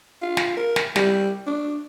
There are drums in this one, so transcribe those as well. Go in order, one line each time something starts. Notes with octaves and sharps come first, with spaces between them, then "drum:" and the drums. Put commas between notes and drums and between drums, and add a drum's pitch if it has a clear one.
F4
drum: snare
A#4
drum: snare
G3, drum: snare
D4